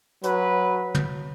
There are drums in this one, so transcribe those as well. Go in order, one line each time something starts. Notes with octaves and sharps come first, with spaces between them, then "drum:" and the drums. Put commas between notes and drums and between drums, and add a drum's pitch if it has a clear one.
F#3 B4, drum: hi-hat
drum: tom